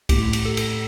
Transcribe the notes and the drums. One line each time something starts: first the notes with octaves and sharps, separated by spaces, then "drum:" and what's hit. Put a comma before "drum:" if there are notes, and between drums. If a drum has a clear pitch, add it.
A2 G4, drum: kick, cymbal
drum: cymbal
A4
drum: cymbal